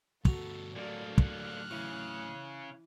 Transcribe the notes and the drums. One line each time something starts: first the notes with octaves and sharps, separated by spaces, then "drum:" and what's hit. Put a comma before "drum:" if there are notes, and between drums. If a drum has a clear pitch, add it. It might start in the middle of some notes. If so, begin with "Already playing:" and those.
D2 G2 F#4 A4 A#5, drum: kick
A2 D3 F#3 A#3 D5
F6 F#6, drum: kick
C#3 E3